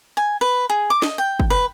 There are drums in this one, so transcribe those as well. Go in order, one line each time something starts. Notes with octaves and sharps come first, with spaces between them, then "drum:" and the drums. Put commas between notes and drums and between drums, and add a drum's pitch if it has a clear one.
G#5
B4
G#4
D6
D#5, drum: snare
G5
drum: kick
B4